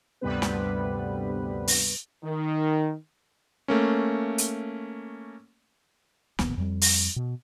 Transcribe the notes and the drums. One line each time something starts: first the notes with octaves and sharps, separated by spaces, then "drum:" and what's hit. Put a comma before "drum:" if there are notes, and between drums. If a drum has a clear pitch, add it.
D2 G2 C3 G3 B3 B4
drum: snare
drum: open hi-hat
D#3
A3 A#3 C#4
drum: hi-hat
D1 A#1 D#2 B3, drum: snare
F2 G3
drum: open hi-hat
B2